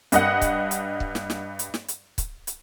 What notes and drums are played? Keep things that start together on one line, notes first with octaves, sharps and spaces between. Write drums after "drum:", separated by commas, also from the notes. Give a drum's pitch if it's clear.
G2 D#5 F#5, drum: hi-hat
drum: kick C#1, hi-hat
drum: hi-hat
drum: kick C#1
drum: snare
drum: snare
drum: hi-hat
drum: snare
drum: hi-hat
drum: kick C#1, hi-hat
drum: hi-hat